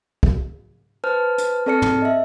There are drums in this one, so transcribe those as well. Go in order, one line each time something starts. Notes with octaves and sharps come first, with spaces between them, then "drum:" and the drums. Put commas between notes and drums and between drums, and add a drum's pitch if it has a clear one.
drum: kick
B4 C5 A5 F6
drum: hi-hat
C4 A4 D5 A5 F6 C#7
drum: tom
D#5 E5